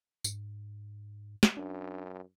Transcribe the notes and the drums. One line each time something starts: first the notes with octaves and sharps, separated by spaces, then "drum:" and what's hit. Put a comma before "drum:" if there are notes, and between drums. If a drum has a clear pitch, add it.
G#2, drum: tambourine
drum: snare
F#2 D4